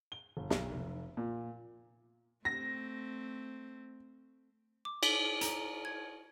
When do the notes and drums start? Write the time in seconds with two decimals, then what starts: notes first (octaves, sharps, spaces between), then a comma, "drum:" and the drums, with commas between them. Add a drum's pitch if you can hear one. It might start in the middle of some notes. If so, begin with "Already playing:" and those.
0.12 G7
0.37 G1
0.50 B1, drum: snare
0.71 F1
1.17 A#2
2.45 A3 C4 A#6
4.85 D6
5.03 B6, drum: cymbal
5.41 A#5, drum: hi-hat
5.85 G#6